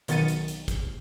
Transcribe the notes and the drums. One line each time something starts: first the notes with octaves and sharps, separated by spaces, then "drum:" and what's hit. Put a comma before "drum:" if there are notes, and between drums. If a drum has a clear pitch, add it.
B1 D#3 B3 A6 C#7 D#7, drum: hi-hat
drum: hi-hat
drum: hi-hat
drum: kick, hi-hat